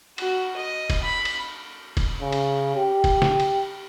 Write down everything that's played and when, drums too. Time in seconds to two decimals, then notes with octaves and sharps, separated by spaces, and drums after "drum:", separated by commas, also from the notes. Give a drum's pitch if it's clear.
0.18 F#4, drum: cymbal
0.56 D#5
0.90 drum: kick E1, cymbal
1.03 B5
1.25 drum: cymbal
1.97 drum: kick E1, cymbal
2.21 C#3
2.32 drum: cymbal
2.76 G4
3.04 drum: kick E1, cymbal
3.22 drum: snare
3.40 drum: cymbal